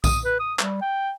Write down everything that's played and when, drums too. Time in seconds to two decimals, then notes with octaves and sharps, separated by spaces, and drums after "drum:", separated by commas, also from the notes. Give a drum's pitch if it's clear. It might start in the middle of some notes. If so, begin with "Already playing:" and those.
0.04 D#6, drum: kick B1, tambourine
0.24 B4
0.39 D#6
0.59 G3, drum: clap
0.81 G5